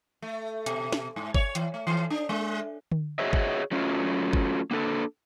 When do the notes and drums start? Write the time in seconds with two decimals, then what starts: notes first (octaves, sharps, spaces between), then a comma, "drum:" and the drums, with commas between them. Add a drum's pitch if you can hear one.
0.22 A3
0.66 B2, drum: hi-hat
0.92 drum: snare
1.16 G#2
1.34 C#5, drum: kick G1
1.55 E3, drum: hi-hat
1.74 A3
1.87 E3
2.10 D4
2.29 G#3
2.92 drum: tom D3
3.19 F#4 G#4 C#5 D#5 E5
3.33 drum: kick G1
3.71 F#3 A3 C#4 F4
4.33 drum: kick G1
4.71 A#3 D4 A4